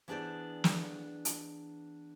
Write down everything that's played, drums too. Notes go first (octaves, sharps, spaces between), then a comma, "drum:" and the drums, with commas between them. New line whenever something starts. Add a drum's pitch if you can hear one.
E3 B3 D4 G#4 C5 D5
drum: snare
drum: hi-hat